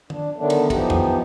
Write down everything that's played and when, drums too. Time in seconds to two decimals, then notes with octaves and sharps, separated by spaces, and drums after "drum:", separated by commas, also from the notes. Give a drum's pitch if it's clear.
0.10 D4, drum: tom
0.36 D3 D#3 F#3 A3 B3 D4
0.50 drum: cymbal
0.70 E3 F3 B3 D#4 G4, drum: kick, cymbal
0.90 drum: tom E2